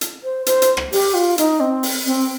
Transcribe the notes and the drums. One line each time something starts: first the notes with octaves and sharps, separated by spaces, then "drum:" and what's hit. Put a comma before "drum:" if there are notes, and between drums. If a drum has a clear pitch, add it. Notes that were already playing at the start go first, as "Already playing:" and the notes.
drum: hi-hat
C5
C5, drum: hi-hat
drum: hi-hat
drum: rim click
G4, drum: open hi-hat
F4
D#4, drum: hi-hat
C4
drum: open hi-hat
C4